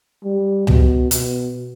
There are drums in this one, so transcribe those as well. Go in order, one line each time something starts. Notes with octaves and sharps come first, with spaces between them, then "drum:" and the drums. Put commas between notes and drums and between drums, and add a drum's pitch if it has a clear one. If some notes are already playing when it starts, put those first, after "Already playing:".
G3
B2, drum: tom
B2, drum: hi-hat